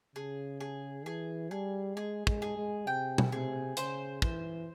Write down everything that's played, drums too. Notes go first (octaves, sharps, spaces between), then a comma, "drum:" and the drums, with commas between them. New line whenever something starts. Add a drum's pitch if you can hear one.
C#3 G#4
G#4
E3 G#4
G3 G#4
G#3 G#4
G#3, drum: kick
G#4
G#3
C3 G5
drum: tom B2
C3 G#4
C#3 C5, drum: hi-hat
E3 C5, drum: kick